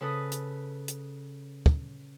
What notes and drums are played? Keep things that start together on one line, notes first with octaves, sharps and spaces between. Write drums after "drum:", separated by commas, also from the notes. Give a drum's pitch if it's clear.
C#3 A4 B4 D#6
drum: hi-hat
drum: hi-hat
drum: kick